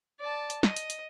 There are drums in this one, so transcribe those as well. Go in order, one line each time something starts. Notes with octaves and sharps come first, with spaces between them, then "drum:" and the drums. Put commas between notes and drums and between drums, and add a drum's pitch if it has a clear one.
D5 A5
drum: hi-hat
D#5, drum: snare
drum: hi-hat
drum: hi-hat